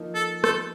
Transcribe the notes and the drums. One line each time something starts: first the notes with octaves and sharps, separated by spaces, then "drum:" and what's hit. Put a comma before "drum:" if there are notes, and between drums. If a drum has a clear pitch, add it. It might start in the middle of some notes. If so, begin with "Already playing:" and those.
Already playing: F3 A#3 D#4
A4
A4, drum: rim click